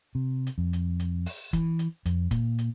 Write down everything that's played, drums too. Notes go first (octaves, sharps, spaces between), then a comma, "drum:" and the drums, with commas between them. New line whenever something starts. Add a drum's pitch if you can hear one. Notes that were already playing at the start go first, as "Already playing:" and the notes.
C3
drum: hi-hat
F2
drum: hi-hat
drum: hi-hat
drum: open hi-hat
E3, drum: kick, hi-hat
drum: hi-hat
F2, drum: hi-hat
A#2, drum: kick, hi-hat
drum: hi-hat